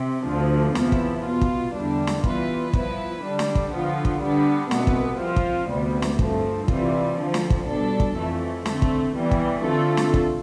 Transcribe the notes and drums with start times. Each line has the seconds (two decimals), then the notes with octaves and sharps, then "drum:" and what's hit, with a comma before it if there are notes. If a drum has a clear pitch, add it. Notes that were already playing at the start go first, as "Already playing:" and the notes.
Already playing: C3 C4
0.27 D2 D3 F3
0.75 E2 C3 F3 B3 E4, drum: snare
0.92 drum: kick
1.25 B2 B3 F4
1.41 drum: kick
1.75 E2 D3 G3 D4
2.07 drum: snare
2.24 E3 G3 B3 F4 B4, drum: kick
2.73 F3 B3 E4 B4, drum: kick
3.23 D3 G3 D4
3.39 drum: snare
3.55 drum: kick
3.72 D3 F3 B3 F4
4.05 drum: kick
4.21 D3 G3 B3 D4
4.71 C2 B2 B3, drum: snare
4.87 drum: kick
5.20 F3 C4 F4
5.36 drum: kick
5.69 D2 C3 G3 B3
6.02 drum: snare
6.19 G2 F3 A3 C4, drum: kick
6.68 C3 E3 G3 C4 F4, drum: kick
7.17 D2 D3 F3
7.34 drum: snare
7.50 drum: kick
7.66 B2 G3 D4 A4
8.00 drum: kick
8.16 F2 E3 A3
8.66 D3 A3 C4, drum: snare
8.82 drum: kick
9.15 E3 G3 B3
9.31 drum: kick
9.64 D3 A3 C4 F4 A4
9.97 drum: snare
10.14 drum: kick